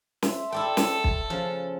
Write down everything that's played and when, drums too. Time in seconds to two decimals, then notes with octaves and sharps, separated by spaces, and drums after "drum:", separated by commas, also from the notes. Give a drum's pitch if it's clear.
0.22 E5 C6, drum: snare
0.52 E4 A4 D5 G5
0.77 drum: snare
1.04 drum: kick
1.30 C#3 F3